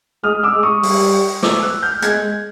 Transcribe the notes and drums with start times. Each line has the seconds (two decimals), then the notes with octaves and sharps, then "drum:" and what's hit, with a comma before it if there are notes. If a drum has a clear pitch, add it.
0.24 G#3 D#6 F6
0.43 D6 E6
0.54 G#3
0.63 C#6 D#6
0.83 G3, drum: open hi-hat
1.43 D6 E6, drum: snare
1.62 E6 F#6
1.82 F6 G6
2.02 G#3 F#6 G#6, drum: hi-hat